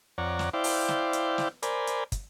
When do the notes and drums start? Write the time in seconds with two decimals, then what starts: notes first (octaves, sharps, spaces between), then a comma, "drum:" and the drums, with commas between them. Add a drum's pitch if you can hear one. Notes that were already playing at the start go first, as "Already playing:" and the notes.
0.18 F2 C#5 D5 F#5 A#5
0.39 drum: snare
0.53 E4 C5 D5 F5 G5
0.64 drum: open hi-hat
0.88 drum: snare
1.13 drum: hi-hat
1.38 drum: snare
1.63 A#4 C5 D5 G#5 B5, drum: hi-hat
1.87 drum: hi-hat
2.12 drum: kick, hi-hat